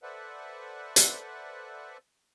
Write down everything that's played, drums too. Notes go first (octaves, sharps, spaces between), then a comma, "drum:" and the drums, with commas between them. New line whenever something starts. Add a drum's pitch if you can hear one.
A4 B4 C5 D5 E5 F#5
drum: hi-hat